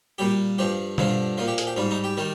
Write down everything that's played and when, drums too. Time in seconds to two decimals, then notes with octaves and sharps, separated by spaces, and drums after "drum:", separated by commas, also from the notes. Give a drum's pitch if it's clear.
0.18 A#2 G3 G4
0.58 G2 F3 G4
0.98 G2 D3 F3 F4, drum: tom B2
1.37 A#2 F3 F4
1.48 G4
1.58 G#4, drum: hi-hat
1.67 G4
1.77 G#2 G3 F4
1.91 D#4
2.04 G4
2.17 D#3 G3